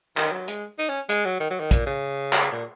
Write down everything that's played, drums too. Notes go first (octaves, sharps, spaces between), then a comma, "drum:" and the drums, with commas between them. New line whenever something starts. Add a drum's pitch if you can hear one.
D#3, drum: clap
F#3
G#3, drum: hi-hat
D#4
C#4
G#3, drum: hi-hat
F#3
D#3
F#3
D#3
A#2, drum: kick, hi-hat
C#3
drum: clap
A#2